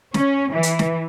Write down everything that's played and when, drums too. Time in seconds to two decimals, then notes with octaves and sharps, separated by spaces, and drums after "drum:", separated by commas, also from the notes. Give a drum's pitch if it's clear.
0.14 C#4, drum: snare
0.52 E3
0.63 drum: hi-hat
0.79 drum: snare